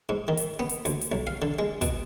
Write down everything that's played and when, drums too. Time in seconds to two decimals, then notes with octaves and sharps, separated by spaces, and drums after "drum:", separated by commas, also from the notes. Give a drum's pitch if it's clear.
0.09 G#2
0.28 D#3
0.37 drum: hi-hat
0.59 B3
0.69 drum: hi-hat
0.85 D2, drum: hi-hat
1.01 drum: hi-hat
1.12 B1
1.27 F5
1.42 D3
1.59 G#3
1.81 B2, drum: kick, hi-hat